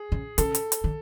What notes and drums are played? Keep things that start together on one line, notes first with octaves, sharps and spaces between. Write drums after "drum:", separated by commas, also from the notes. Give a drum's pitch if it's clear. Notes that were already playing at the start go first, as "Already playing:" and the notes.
Already playing: G#4
C#3
C#3 A4, drum: hi-hat
drum: hi-hat
drum: hi-hat
D3